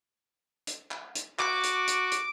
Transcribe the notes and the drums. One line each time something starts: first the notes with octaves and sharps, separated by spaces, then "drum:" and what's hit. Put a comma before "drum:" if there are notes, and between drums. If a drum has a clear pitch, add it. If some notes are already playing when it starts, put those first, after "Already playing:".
drum: hi-hat
drum: clap
drum: hi-hat
F#4 D6, drum: clap
drum: hi-hat
drum: hi-hat
drum: hi-hat